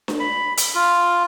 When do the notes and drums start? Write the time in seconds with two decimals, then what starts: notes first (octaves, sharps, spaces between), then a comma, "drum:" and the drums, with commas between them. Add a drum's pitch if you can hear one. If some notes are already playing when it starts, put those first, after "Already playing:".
0.08 drum: snare D4
0.20 B5
0.58 drum: hi-hat
0.75 F4